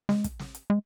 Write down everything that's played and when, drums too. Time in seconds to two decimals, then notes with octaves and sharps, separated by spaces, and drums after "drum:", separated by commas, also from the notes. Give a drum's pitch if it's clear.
0.09 G#3, drum: snare
0.24 drum: kick, hi-hat
0.39 drum: snare
0.55 drum: hi-hat
0.70 G#3